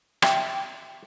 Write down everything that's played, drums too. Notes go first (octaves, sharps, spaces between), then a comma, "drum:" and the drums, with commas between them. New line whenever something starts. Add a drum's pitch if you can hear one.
E5 G5, drum: rim click